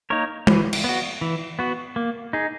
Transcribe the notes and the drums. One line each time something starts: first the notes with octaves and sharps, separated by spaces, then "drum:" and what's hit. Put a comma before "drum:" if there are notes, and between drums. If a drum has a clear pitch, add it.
A#3 D#4 A#4 C#5
E3, drum: tom
drum: cymbal
B3 F#4
E3
B3 F#4
A#3
D#4 G#4